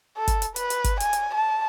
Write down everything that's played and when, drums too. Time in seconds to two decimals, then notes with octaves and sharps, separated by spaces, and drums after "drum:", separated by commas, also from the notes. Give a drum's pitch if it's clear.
0.17 A4
0.28 drum: kick, hi-hat
0.42 drum: hi-hat
0.56 B4, drum: hi-hat
0.70 drum: hi-hat
0.84 drum: kick, hi-hat
1.00 G#5, drum: hi-hat
1.13 drum: hi-hat
1.35 A5